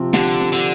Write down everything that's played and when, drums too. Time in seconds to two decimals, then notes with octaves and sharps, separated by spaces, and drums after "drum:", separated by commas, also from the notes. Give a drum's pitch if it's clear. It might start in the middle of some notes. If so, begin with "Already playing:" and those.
Already playing: C3 F3 C4
0.13 D3 G4, drum: snare
0.40 C4
0.53 D3, drum: hi-hat